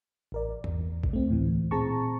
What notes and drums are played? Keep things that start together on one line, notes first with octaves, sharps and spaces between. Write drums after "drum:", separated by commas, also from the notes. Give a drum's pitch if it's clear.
A1 A#4 D5
E2, drum: tom G2
drum: kick A1
A3 C4
D2 A2 E3
A#2 C4 G#4 A5 A#5 C#6